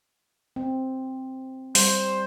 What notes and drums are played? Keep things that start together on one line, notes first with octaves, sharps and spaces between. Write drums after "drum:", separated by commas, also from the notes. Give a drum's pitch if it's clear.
C4
G3 C5, drum: open hi-hat